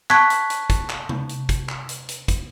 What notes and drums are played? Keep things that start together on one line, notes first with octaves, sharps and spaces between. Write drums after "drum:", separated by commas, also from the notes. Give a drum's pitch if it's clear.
A5 C#6 F#6 G#6 B6, drum: clap
drum: hi-hat
drum: hi-hat
drum: kick, hi-hat
drum: clap
drum: tom C3
drum: hi-hat
drum: kick, hi-hat
drum: clap
drum: hi-hat
drum: hi-hat
drum: kick, hi-hat